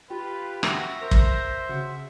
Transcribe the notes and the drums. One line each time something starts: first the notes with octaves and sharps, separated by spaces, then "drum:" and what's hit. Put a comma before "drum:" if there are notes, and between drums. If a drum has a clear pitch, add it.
F4 G4 B4
F#4 E5 A#6, drum: rim click
A#4 C5
drum: kick
C#3 F#4